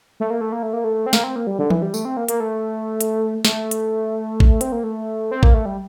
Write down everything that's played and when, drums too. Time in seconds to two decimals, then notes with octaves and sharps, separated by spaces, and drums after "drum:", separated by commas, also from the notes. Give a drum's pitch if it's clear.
0.20 A3
0.30 A#3
0.41 A3
0.52 A#3
0.63 A3
0.73 A#3
0.84 A3
1.06 C4
1.13 A#3, drum: snare
1.24 C4
1.36 A#3
1.47 G3
1.59 D3
1.70 E3, drum: tom E3
1.82 G3
1.94 A3, drum: tambourine
2.05 C4
2.17 A#3
2.28 A#3, drum: hi-hat
2.40 A3
3.01 drum: hi-hat
3.45 A3, drum: snare
3.71 drum: hi-hat
4.40 drum: kick A1
4.61 C4, drum: hi-hat
4.72 A#3
4.84 A3
5.31 C4
5.43 A#3, drum: kick A1
5.54 A3
5.65 G3